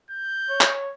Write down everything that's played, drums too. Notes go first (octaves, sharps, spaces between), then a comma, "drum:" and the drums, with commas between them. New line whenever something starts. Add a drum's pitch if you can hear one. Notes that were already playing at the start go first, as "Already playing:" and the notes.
G6
C#5
drum: clap